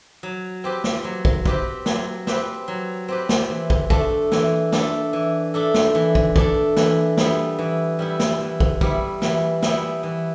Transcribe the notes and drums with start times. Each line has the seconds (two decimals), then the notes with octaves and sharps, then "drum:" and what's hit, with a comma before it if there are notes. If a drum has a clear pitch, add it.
0.23 F#3
0.64 C4 G4 B4
0.84 drum: snare
1.04 F#3
1.25 drum: kick
1.46 C4 G4 B4, drum: kick
1.86 F#3, drum: snare
2.27 C4 G4 B4, drum: snare
2.68 F#3
3.08 C4 G4 B4
3.29 drum: snare
3.50 E3
3.70 drum: kick
3.90 A3 D4 A4, drum: kick
4.32 E3, drum: snare
4.72 A3 D4 A4, drum: snare
5.13 E3
5.54 A3 D4 A4
5.74 drum: snare
5.95 E3
6.15 drum: kick
6.36 A3 D4 A4, drum: kick
6.77 E3, drum: snare
7.17 G3 B3 E4, drum: snare
7.58 E3
7.99 G3 B3 E4
8.20 drum: snare
8.40 E3
8.60 drum: kick
8.81 G3 B3 E4, drum: kick
9.22 E3, drum: snare
9.62 G3 B3 E4, drum: snare
10.03 E3